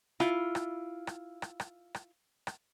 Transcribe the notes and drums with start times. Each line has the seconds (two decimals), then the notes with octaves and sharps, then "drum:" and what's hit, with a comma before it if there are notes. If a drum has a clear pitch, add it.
0.20 E4 F4, drum: rim click
0.55 drum: rim click
1.07 drum: rim click
1.42 drum: rim click
1.60 drum: rim click
1.95 drum: rim click
2.47 drum: rim click